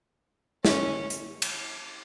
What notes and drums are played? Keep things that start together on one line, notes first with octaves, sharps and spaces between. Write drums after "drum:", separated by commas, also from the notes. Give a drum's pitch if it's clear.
C#4, drum: snare
drum: hi-hat
drum: cymbal